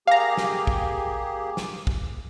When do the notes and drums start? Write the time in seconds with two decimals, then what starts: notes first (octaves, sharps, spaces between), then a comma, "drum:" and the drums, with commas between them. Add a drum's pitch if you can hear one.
0.07 A#3 G4 G#4 F5 A#5
0.37 drum: snare
0.67 drum: kick
1.57 drum: snare
1.87 drum: kick